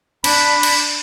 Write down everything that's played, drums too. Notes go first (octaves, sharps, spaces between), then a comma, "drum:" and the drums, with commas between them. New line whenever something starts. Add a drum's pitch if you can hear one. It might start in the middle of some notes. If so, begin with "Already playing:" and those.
D4 B5, drum: cymbal
drum: cymbal